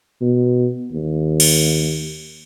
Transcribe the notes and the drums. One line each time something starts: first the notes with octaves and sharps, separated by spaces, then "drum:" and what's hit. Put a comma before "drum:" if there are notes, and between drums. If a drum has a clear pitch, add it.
B2
D#2
drum: cymbal